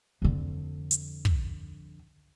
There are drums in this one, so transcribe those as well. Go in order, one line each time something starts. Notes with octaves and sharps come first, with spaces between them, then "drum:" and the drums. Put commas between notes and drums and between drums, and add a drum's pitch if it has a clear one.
F2 D3
drum: hi-hat
drum: kick